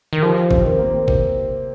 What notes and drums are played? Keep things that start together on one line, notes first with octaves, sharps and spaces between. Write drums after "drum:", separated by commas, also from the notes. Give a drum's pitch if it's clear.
D#3 A#4
F3 G4
C4, drum: kick G#1
D#3
A#3
C3, drum: kick G#1